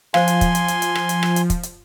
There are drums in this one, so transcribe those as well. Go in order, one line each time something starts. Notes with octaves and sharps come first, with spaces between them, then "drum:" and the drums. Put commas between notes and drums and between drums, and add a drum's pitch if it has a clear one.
F3 C5 F5 G#5 C6, drum: rim click
drum: hi-hat
drum: kick, hi-hat
drum: hi-hat
drum: hi-hat
drum: hi-hat
drum: rim click
drum: hi-hat
drum: rim click
drum: hi-hat
drum: kick, hi-hat
drum: hi-hat